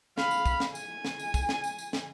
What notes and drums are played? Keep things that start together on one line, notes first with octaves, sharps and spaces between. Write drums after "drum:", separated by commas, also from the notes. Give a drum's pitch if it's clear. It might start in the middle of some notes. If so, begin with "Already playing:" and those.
F5 B5, drum: snare
drum: tambourine
drum: kick, tambourine
drum: snare
G#5, drum: tambourine
drum: snare
drum: tambourine
drum: kick, tambourine
drum: snare
drum: tambourine
drum: tambourine
drum: snare